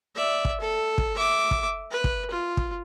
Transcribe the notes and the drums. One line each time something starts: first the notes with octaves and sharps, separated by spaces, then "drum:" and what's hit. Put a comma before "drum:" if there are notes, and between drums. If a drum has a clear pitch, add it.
D5 E5
drum: kick
A4
drum: kick
E5 D6
drum: kick
B4
drum: kick
F4
drum: kick